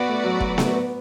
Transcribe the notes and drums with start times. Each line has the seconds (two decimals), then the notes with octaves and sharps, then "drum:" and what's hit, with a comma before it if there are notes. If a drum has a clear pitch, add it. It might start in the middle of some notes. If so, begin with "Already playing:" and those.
Already playing: B3 F#4 B4 D5
0.08 A3
0.24 F#3
0.40 F#3, drum: kick
0.58 A3, drum: snare B3
0.74 B3